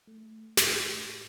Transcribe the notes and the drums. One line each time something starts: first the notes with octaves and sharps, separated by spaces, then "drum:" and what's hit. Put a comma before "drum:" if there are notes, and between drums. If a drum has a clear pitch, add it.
A3
A2, drum: snare